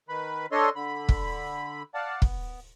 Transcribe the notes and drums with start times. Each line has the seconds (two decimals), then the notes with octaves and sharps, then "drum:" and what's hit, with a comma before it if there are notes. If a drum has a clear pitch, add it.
0.09 D#3 B4 B5
0.52 D4 A4 C#5 D#5 C6
0.75 D3 B5
1.09 drum: kick
1.94 D5 F5 F#5 A5
2.22 B3, drum: kick